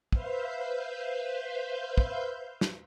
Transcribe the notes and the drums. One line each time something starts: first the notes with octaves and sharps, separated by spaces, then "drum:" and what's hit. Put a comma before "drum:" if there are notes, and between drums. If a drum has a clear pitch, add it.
B4 C5 E5 F5 G6, drum: kick
drum: kick
drum: snare